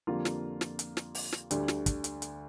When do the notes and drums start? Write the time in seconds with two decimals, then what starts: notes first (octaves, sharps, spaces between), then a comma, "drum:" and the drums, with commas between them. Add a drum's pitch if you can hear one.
0.07 F2 D3 G3 A#3 F4
0.25 drum: snare
0.61 drum: snare
0.79 drum: hi-hat
0.97 drum: snare
1.15 drum: open hi-hat
1.32 drum: snare
1.51 D2 D3 G3, drum: hi-hat
1.68 drum: snare
1.86 drum: kick, hi-hat
2.04 drum: hi-hat
2.22 drum: hi-hat